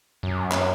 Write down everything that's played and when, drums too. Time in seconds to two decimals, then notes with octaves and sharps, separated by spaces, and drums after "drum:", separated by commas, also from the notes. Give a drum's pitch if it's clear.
0.23 F#2
0.52 drum: clap